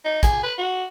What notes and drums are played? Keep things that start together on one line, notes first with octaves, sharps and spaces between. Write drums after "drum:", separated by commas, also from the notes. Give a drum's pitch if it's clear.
D#4
G#4, drum: kick, hi-hat
B4
F#4